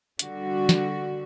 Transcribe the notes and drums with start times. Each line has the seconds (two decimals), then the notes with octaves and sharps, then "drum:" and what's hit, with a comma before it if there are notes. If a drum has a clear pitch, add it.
0.19 D3 G3 F#4, drum: hi-hat
0.69 drum: snare